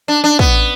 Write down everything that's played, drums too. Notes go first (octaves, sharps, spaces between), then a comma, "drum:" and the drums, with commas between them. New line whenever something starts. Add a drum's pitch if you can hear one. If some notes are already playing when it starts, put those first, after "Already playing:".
D4
D4
B3, drum: kick